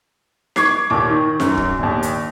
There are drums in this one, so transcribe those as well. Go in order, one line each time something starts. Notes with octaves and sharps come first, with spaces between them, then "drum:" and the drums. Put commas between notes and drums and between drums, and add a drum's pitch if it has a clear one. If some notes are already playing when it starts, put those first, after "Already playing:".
C#6 D6 G#6 C7, drum: snare D#4
D#2 A#2 D6
D#3
F#2, drum: snare D#4
drum: kick
A#1 D#2
drum: hi-hat